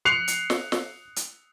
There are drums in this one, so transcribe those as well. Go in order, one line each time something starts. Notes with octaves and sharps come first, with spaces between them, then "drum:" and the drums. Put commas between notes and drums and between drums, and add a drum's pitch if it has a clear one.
F#6 C7 C#7 F7
drum: hi-hat
drum: snare
drum: snare
drum: hi-hat